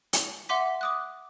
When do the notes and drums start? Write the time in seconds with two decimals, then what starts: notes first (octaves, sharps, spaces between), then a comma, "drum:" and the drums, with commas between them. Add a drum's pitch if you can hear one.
0.13 G7, drum: hi-hat
0.49 E5 F#5 C6 D6 B6
0.81 D6 D#6 F#6